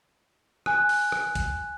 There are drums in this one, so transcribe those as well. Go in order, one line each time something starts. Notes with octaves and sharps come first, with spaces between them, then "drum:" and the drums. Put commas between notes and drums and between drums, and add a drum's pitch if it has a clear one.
G#5 F#6, drum: rim click
drum: open hi-hat
drum: rim click
drum: kick, hi-hat